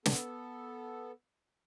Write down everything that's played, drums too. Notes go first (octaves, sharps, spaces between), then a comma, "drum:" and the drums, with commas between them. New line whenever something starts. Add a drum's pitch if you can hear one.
B3 A4, drum: snare